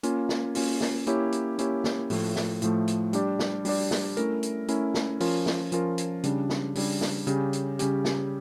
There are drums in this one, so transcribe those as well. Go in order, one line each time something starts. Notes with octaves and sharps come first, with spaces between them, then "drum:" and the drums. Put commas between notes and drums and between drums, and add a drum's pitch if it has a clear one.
A#3 C#4 F4, drum: hi-hat
drum: snare
A#3 C#4 F4, drum: open hi-hat
drum: snare
A#3 C#4 E4 G4 C#5, drum: hi-hat
drum: hi-hat
A#3 C#4 E4 G4 C#5, drum: hi-hat
drum: snare
A2 F3 A3, drum: open hi-hat
drum: snare
A2 F3 A3, drum: hi-hat
drum: hi-hat
G3 D4 G4 D5, drum: hi-hat
drum: snare
G3 D4 G4 D5, drum: open hi-hat
drum: snare
A3 C#4 E4 A#4, drum: hi-hat
drum: hi-hat
A3 C#4 E4 A#4, drum: hi-hat
drum: snare
F3 C#4 F4 A#4, drum: open hi-hat
drum: snare
F3 C#4 F4 A#4, drum: hi-hat
drum: hi-hat
C#3 G3 D4, drum: hi-hat
drum: snare
C#3 G3 D4, drum: open hi-hat
drum: snare
C#3 G3 C#4 G4, drum: hi-hat
drum: hi-hat
C#3 G3 C#4 G4, drum: hi-hat
drum: snare